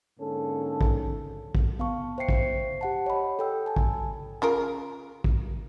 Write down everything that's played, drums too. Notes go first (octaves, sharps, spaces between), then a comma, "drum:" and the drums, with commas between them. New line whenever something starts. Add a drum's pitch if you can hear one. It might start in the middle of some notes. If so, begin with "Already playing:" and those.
G#2 D3 A#3 C#4 A4
drum: kick
drum: kick
B3 F5 A5 C#6
C5 E5 G5 C7 C#7
drum: kick
G4 F#5 A5
C#5 D#5 B5
A4 G5 E6
G#5 A5
drum: kick
C#3 F4 A#4
drum: kick